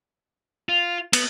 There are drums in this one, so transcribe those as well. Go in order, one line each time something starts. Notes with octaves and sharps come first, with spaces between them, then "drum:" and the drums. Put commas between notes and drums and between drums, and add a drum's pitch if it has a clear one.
F4
B3, drum: cymbal